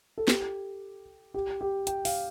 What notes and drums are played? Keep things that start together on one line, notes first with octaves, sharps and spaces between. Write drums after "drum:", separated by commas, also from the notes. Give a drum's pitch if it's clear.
A4
G4, drum: snare
G4
G4
G5, drum: hi-hat
F5, drum: open hi-hat